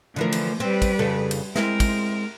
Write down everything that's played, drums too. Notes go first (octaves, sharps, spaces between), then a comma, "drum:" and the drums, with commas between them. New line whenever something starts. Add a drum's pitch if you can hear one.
D3 E3 F3 A3 A#4
drum: cymbal
G3 C4 B4
drum: kick, cymbal
F2 C#3 A4
drum: cymbal
G#3 C4 E4 A#4, drum: snare
drum: kick, cymbal